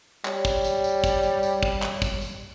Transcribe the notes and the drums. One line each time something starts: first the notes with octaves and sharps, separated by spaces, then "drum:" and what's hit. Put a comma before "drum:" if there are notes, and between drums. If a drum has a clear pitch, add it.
G3 C#5, drum: clap
drum: kick, tambourine
drum: tambourine
drum: tambourine
drum: kick, tambourine
drum: tambourine
drum: tambourine
drum: kick
drum: clap
drum: kick, tambourine
drum: tambourine